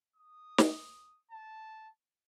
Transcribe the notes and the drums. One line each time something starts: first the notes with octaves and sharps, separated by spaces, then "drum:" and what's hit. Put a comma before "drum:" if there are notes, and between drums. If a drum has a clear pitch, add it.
D#6
drum: snare
A5